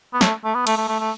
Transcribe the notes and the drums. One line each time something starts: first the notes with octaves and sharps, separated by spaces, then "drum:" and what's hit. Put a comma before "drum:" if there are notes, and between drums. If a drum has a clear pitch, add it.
B3
A3, drum: snare
A3
B3
A3, drum: cymbal
A3
A3
A3